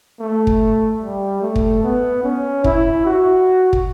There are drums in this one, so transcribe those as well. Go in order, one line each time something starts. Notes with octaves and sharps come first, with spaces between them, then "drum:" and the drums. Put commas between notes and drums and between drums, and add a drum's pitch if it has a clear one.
A3
drum: kick
G3
A3
drum: kick
B3
C#4
E4, drum: kick
F#4
drum: kick